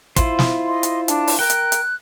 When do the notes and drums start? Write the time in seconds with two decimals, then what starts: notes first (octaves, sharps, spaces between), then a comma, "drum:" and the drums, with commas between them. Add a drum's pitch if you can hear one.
0.16 E4 F4 C5, drum: kick, hi-hat
0.39 drum: snare
0.67 D#5 C6
0.83 drum: hi-hat
1.08 D4 A5, drum: hi-hat
1.27 drum: open hi-hat
1.39 A#4 G5 F#6
1.50 drum: hi-hat
1.72 drum: hi-hat